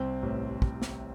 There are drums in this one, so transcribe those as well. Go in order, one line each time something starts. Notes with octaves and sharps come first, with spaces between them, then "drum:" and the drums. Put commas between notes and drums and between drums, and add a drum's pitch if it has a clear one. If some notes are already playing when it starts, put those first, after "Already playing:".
Already playing: C2 C4
A1
drum: kick
drum: snare